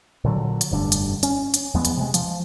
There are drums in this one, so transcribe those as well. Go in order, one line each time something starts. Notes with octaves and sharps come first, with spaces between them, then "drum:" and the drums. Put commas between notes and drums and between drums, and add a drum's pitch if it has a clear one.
A#2 D3 F#3
drum: hi-hat
F1 G2 D3
drum: hi-hat
C#4, drum: hi-hat
drum: hi-hat
E2 F3 G#3 B3
drum: hi-hat
C3 G#3
F3, drum: hi-hat